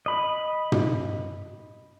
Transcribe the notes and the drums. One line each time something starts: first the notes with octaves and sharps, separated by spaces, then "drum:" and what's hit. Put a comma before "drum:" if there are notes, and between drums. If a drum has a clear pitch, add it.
D#5 B5
drum: tom